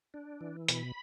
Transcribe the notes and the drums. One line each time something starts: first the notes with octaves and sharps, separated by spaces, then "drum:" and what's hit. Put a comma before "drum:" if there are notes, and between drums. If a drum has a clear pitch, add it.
D4
E3
B2 B5, drum: hi-hat